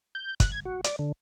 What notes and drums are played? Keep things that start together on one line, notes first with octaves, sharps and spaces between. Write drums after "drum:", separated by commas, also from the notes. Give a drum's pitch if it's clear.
G6
F#6, drum: kick, hi-hat
G#6
F#4
D5, drum: hi-hat
D3